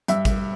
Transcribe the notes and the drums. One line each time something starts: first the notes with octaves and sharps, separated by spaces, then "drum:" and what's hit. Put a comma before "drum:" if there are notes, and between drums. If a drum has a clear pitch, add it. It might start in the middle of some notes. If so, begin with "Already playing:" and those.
G2 E5, drum: hi-hat
drum: kick, hi-hat